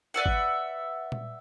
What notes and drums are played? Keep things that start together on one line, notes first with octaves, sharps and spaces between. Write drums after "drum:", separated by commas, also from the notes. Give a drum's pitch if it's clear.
B4 D5 E5 F#5
drum: kick
drum: tom A#2